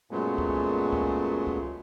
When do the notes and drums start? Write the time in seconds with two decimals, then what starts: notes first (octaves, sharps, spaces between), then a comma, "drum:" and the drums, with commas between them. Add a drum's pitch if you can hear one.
0.11 F#2 A#2 F#3 G#3 A3 B3
0.38 drum: kick
0.93 drum: kick
1.47 drum: kick